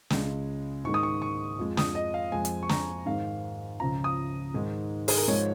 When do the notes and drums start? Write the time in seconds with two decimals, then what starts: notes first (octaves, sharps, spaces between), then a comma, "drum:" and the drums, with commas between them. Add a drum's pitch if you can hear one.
0.10 C#2 C#3 G#3, drum: snare
0.84 G#2 D#3 G#3 C#6
0.94 D#6
1.03 C#6
1.22 C#6
1.59 F2 F3 G#3
1.77 D#6, drum: snare
1.95 D#5
2.14 F5
2.32 F2 F3 G#3 G#5
2.45 drum: hi-hat
2.63 C#6
2.69 A#5, drum: snare
3.06 G#2 D#3 G#3 F5
3.80 C#2 C#3 F3 A#5
4.04 D#6
4.54 G#2 D#3 G#3
5.08 G#4, drum: open hi-hat
5.18 A#4
5.28 G#2 F3 G#3 C#5